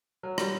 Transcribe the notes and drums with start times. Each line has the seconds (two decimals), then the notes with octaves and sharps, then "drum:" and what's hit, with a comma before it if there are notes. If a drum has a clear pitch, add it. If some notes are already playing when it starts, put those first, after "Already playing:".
0.23 F#3
0.38 G3, drum: rim click